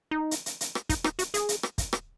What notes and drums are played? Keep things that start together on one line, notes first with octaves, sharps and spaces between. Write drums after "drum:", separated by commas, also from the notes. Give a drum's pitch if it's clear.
D#4
drum: hi-hat
drum: hi-hat
drum: hi-hat
drum: rim click
D#4, drum: kick, hi-hat
D#4, drum: rim click
F#4, drum: hi-hat
G#4, drum: hi-hat
drum: hi-hat
drum: rim click
drum: kick, hi-hat
drum: rim click